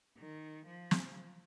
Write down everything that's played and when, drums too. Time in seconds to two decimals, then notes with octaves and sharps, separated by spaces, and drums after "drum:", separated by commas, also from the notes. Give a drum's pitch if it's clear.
0.17 D#3
0.66 F3
0.91 drum: snare